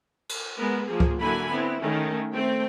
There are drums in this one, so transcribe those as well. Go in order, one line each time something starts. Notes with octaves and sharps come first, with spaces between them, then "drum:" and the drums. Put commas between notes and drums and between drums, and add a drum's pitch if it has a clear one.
drum: cymbal
G#3 B3 A#4
F3 A#3 G#4
drum: kick C#2
D3 F#3 A#3 E4 G#5 B5
B3 C4 E4
D#3 A3 C#4
A3 C4 G5